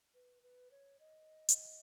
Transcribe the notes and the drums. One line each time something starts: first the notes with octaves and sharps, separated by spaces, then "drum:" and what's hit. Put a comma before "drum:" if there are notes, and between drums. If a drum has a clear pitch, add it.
B4
B4
C#5
D#5
drum: hi-hat